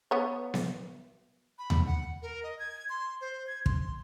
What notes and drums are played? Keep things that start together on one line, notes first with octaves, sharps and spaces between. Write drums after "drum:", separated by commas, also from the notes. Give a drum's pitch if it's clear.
B3 C#5
drum: snare B3
B5
drum: tom D#2
F#5
A#4
D#5
G#6
C6
C5
G#6
C6, drum: kick